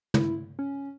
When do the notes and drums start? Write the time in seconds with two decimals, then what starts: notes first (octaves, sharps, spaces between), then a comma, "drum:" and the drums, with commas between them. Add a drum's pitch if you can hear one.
0.14 E4, drum: tom
0.59 C#4